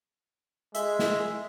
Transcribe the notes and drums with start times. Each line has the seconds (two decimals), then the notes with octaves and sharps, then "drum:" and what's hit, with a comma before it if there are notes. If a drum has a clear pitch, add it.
0.75 G#3 E5, drum: hi-hat
0.99 drum: snare